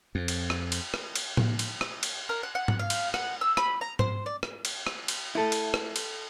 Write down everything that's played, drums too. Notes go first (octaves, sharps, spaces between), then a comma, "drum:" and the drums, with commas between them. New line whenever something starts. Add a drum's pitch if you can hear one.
F2
drum: cymbal
drum: rim click
drum: cymbal
drum: rim click
drum: cymbal
drum: tom A2
drum: cymbal
drum: rim click
drum: cymbal
A#4
F#5
F#5
drum: tom G#2
F5
drum: cymbal
F#5, drum: rim click
E6
B5, drum: rim click
A#5
C5, drum: tom G#2
D5
drum: rim click
drum: cymbal
drum: rim click
drum: cymbal
A3 E4 A4 D#7
drum: cymbal
drum: rim click
drum: cymbal